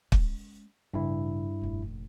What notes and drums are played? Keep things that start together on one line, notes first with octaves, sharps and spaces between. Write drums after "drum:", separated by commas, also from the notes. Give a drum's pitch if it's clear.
G#3 C#4, drum: kick
A1 G2 C#3 E4
F1 A#1